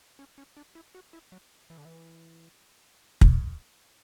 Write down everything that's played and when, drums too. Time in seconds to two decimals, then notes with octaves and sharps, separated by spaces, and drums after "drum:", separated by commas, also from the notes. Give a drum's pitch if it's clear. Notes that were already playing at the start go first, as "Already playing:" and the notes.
0.19 C#4
0.38 C#4
0.57 D4
0.75 E4
0.95 F#4
1.13 E4
1.32 F#3
1.70 E3
1.78 D3
1.85 E3
3.21 drum: kick